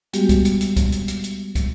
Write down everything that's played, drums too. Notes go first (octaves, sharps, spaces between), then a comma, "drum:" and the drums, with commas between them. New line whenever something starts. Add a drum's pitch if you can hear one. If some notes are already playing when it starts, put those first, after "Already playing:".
G3 G#3 B3 F#4 G4, drum: hi-hat
drum: kick, hi-hat
drum: hi-hat
drum: hi-hat
drum: kick, hi-hat
drum: hi-hat
drum: hi-hat
drum: hi-hat
drum: kick, hi-hat